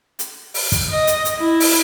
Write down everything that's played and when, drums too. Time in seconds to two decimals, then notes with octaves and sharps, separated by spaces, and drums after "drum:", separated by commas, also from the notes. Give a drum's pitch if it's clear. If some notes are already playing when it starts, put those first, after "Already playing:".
0.19 drum: hi-hat
0.54 drum: open hi-hat
0.72 drum: kick, hi-hat
0.90 D#5
1.07 drum: hi-hat
1.25 drum: hi-hat
1.38 E4
1.60 drum: open hi-hat